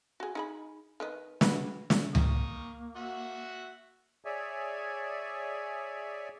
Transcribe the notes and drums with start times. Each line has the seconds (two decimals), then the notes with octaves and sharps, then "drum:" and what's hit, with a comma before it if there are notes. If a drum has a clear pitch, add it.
0.20 F#4 G#4
0.35 D#4 G#4 B5
1.00 D#3 B4 D#5
1.41 D4 F#4 B4, drum: snare
1.90 drum: snare
2.15 A#3 A#5 C#6 D#6, drum: tom C#2
2.96 F#4 E5 F#5
4.25 G#4 C#5 D5 E5 G#5